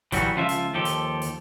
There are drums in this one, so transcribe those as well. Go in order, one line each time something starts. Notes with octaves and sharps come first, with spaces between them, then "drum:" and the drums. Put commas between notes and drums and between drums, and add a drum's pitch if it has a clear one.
E3 F#3 G3 F#4, drum: kick, hi-hat
C#2 F3 F4 E5
drum: hi-hat
D#2 F3 G4 A4
drum: hi-hat
drum: hi-hat